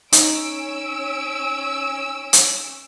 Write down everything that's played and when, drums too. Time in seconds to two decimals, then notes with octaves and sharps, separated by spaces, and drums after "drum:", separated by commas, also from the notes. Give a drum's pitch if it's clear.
0.13 C#4 D#4 E6 D7, drum: hi-hat
2.33 drum: hi-hat